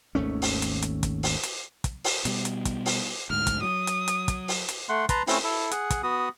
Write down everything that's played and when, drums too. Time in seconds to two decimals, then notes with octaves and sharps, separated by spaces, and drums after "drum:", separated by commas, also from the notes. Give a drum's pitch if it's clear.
0.15 G#1 D#2 A3 C#4
0.42 drum: open hi-hat
0.62 drum: hi-hat
0.82 drum: hi-hat
1.03 drum: kick, hi-hat
1.23 drum: open hi-hat
1.43 drum: hi-hat
1.84 drum: kick, hi-hat
2.04 drum: open hi-hat
2.25 B2 G3, drum: hi-hat
2.45 drum: hi-hat
2.65 drum: kick, hi-hat
2.86 drum: open hi-hat
3.30 D2 G#2 F6
3.47 drum: kick, hi-hat
3.62 F#3 D#6
3.87 drum: hi-hat
4.08 drum: hi-hat
4.28 drum: kick, hi-hat
4.48 drum: open hi-hat
4.69 drum: hi-hat
4.89 A3 F#5 C6
5.09 B4 A5 A#5 C6, drum: kick, hi-hat
5.27 A3 C4 C#4 E4, drum: open hi-hat
5.44 E4 A4
5.71 G#4 F#5, drum: hi-hat
5.90 drum: kick, hi-hat
6.03 B3 F#4 D#6